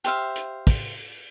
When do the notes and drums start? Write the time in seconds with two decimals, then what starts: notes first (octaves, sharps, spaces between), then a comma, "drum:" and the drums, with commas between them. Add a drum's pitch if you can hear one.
0.04 G4 C5 E5 F5, drum: hi-hat
0.36 drum: hi-hat
0.67 drum: kick, open hi-hat